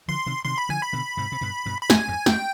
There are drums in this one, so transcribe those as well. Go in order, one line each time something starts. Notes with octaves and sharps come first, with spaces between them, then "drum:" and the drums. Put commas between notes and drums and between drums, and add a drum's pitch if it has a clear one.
D3 F3 C6
C3 D#3
C3 D#3 C6
B5
D3 F3 G#5
B5
B2 D3
G#2 C3
C3
G2 B2
G2 B2
B5
F2 G#2 G#5, drum: snare
F2 G#2
F2 G#2 G5, drum: snare